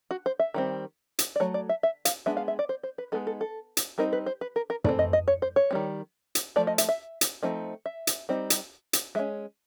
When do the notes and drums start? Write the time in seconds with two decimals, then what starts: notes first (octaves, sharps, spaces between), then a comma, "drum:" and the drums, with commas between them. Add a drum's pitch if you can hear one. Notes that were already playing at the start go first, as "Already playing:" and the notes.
0.11 F#4
0.26 C5
0.39 E5
0.54 D#3 G3 C4
1.19 drum: hi-hat
1.36 D5
1.40 F#3 A3 C#5
1.54 D5
1.69 E5
1.83 E5
2.05 F5, drum: hi-hat
2.26 G#3 B3 D4 E5
2.37 F5
2.48 E5
2.59 D5
2.69 C5
2.83 C5
2.98 B4
3.12 G#3 B3 D#4 A4
3.27 A4
3.41 A4
3.77 drum: hi-hat
3.98 G3 C4 D#4 A#4
4.13 B4
4.26 C5
4.41 B4
4.56 A#4
4.70 A#4
4.84 E3 A3 C4 D5, drum: tom
4.99 D#5
5.13 D#5
5.28 C#5
5.42 C5
5.56 C#5
5.71 D#3 G3 C4
6.35 drum: hi-hat
6.56 F3 A3 D5
6.67 D#5
6.78 E5, drum: hi-hat
6.89 E5
7.21 drum: hi-hat
7.43 F3 A3 C4 D#4
7.86 E5
8.07 drum: hi-hat
8.29 G3 C4 D#4
8.50 drum: hi-hat
8.93 drum: hi-hat
9.15 G#3 C#4 E5